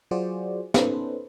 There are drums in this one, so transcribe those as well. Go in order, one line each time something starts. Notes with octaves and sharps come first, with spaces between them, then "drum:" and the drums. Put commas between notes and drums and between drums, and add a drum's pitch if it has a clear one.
F#3 F4 F#4 G#4 C5 D5
B3 C#4 D#4 A4 B4 C5, drum: snare